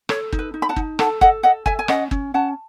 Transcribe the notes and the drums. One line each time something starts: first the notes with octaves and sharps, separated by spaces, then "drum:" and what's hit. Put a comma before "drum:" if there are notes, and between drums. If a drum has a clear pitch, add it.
A4 C#5, drum: rim click
D#4, drum: kick
B4
D#4
B5
F#5 A5
D#4, drum: kick
A4 F#5 A5, drum: rim click
A4 D#5 F#5, drum: kick
A4 D#5 F#5
A4 E5 G#5, drum: kick
G#5
C#4 D#5 F#5, drum: rim click
C#4, drum: kick
C#4 F#5 A5